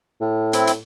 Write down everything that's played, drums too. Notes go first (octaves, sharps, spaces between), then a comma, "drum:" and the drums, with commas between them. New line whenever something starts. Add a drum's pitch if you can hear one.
A2
C4 E4, drum: hi-hat
drum: hi-hat